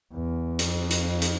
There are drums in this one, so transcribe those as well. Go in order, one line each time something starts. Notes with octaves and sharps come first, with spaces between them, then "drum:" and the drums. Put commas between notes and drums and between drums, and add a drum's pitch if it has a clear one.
E2
F2, drum: hi-hat
drum: hi-hat
drum: hi-hat